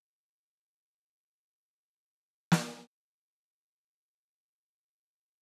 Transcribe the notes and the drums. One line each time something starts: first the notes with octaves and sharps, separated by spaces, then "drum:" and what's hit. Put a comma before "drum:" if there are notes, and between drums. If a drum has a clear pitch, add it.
C3
B2
C3
B2
drum: snare
F#2
F#2
G2
F#2